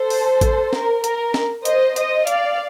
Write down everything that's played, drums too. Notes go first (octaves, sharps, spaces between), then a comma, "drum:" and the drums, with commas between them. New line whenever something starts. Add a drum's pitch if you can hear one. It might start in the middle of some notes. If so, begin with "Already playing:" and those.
Already playing: A4 C5
drum: open hi-hat
drum: kick A1, hi-hat
A#4, drum: snare
A#4, drum: hi-hat
drum: snare
C5 D#5, drum: hi-hat
C5 D#5, drum: hi-hat
D5 F5, drum: hi-hat